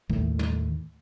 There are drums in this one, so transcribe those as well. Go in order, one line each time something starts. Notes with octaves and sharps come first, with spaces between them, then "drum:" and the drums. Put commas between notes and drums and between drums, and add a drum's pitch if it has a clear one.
D#2 A2 D#3 A3, drum: kick
drum: tom